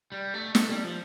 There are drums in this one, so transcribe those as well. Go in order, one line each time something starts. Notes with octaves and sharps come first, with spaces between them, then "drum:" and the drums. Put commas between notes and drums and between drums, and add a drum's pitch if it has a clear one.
G3
A3
A3, drum: snare
G3
F3